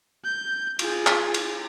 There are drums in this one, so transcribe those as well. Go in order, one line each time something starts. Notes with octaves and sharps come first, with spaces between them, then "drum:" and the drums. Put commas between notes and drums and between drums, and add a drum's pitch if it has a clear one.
G6
F4 G#4, drum: cymbal
drum: clap
drum: cymbal